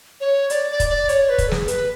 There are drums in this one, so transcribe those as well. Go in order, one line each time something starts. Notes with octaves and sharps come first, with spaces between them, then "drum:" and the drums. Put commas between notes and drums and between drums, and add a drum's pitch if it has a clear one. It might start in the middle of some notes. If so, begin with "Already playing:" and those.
C#5
D5, drum: hi-hat
D5
drum: kick, hi-hat
D5
C#5, drum: hi-hat
B4
drum: kick, hi-hat
A4
G#4, drum: snare
B4, drum: hi-hat